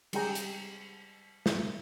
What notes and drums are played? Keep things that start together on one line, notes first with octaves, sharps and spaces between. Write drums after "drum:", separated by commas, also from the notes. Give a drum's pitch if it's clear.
G3 G#3 G4 G#4 G5 A#5, drum: cymbal
drum: hi-hat
drum: snare